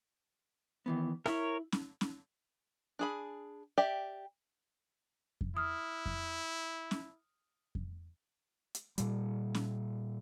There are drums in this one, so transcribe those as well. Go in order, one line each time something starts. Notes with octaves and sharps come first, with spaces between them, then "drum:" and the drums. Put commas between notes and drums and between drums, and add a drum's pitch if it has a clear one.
D#3 E3 B3
E4 A#4 C#5 E5, drum: rim click
drum: snare C#4
drum: snare C#4
D4 G#4 B5
G4 D5 E5 G5
drum: kick F2
E4 D#6 F6
drum: kick F2
drum: snare C#4
drum: kick F2
drum: hi-hat
A#2 G3, drum: hi-hat
drum: snare C#4